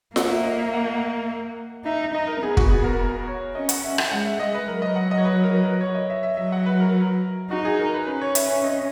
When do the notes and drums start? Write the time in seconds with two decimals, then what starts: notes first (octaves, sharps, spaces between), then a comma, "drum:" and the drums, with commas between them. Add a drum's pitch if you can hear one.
0.16 A#3 F#5, drum: snare F4
0.30 E5
0.44 D#5
0.59 E5
0.73 F#5
1.85 D#4 E5
2.14 D#4 D#5
2.27 A#4
2.42 B3 G#4
2.57 F#4, drum: kick
2.71 G#4
2.84 A#4
2.99 A#4
3.28 C#5
3.55 C#4 D#5
3.69 F#5, drum: hi-hat
3.84 E5
3.98 F#5, drum: rim click
4.11 G#3 F#5
4.25 E5
4.40 D#5
4.54 B4
4.68 F#3 A#4
4.82 D#5
4.96 F#5
5.11 D#5
5.18 C#5
5.25 B4
5.44 A#4
5.63 B4
5.81 C#5
5.95 D#5
6.10 E5
6.23 E5
6.37 F#3 E5
6.52 F#5
6.66 B4
6.80 A#4
7.51 D#4 F#4
7.65 G#4
7.79 A#4
7.94 B4
8.07 C#4 B4
8.21 C#5
8.35 E5, drum: hi-hat
8.50 E5
8.64 D#5